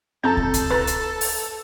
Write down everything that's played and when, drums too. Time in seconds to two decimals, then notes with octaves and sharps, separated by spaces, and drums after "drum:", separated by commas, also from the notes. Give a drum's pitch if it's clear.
0.24 F2 A4 A5 A#5 G6
0.37 drum: kick
0.54 drum: kick, hi-hat
0.71 B4 A#5 A6
0.87 drum: hi-hat
1.21 drum: open hi-hat